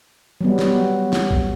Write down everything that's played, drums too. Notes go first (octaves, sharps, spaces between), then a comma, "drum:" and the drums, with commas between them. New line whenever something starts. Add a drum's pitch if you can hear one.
F#3 G3 B3
drum: snare
drum: snare
drum: kick